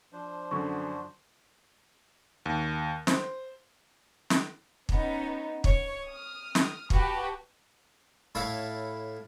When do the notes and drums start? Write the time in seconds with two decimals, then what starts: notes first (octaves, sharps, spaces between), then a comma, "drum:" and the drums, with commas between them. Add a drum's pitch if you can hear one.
0.13 F3 D4 C5
0.51 F#2 D3 F#3 C#6
2.46 D#2
3.07 C5, drum: snare
4.30 drum: snare
4.89 B3 C#4 D#4, drum: kick
5.64 C#5, drum: kick
6.06 D#6 F6
6.55 drum: snare
6.90 F#4 G4 B4 G5 A5, drum: kick
8.35 A2 E4 C#5 F5 A5